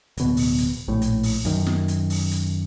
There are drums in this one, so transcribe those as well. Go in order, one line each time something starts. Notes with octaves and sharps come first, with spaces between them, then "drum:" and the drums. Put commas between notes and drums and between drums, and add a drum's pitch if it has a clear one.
D1 B2, drum: hi-hat
drum: open hi-hat
drum: hi-hat
A#1 A2
drum: hi-hat
drum: open hi-hat
F#2 D#3, drum: hi-hat
drum: snare
drum: hi-hat
drum: open hi-hat
drum: hi-hat